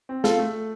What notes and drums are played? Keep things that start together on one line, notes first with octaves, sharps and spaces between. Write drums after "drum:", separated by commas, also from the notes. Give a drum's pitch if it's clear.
C4
F4 A4, drum: snare
A3